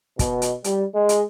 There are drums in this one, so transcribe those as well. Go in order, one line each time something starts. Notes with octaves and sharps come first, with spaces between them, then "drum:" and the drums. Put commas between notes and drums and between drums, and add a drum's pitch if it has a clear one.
B2, drum: kick, hi-hat
drum: hi-hat
G3, drum: hi-hat
G#3
drum: hi-hat